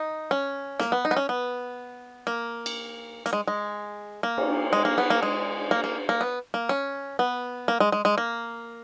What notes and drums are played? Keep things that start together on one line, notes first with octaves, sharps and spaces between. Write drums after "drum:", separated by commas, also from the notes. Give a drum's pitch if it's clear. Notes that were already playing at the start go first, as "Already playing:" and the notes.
Already playing: D#4
C#4
A#3, drum: snare
B3
D#4
B3
C#4
B3
A#3
drum: cymbal
A#3, drum: hi-hat
G#3
G#3
A#3
drum: cymbal
G#3
A#3
B3
A#3
G#3
A#3
A#3
A#3
B3
A#3
C#4
B3
A#3
G#3
G#3
G#3
A#3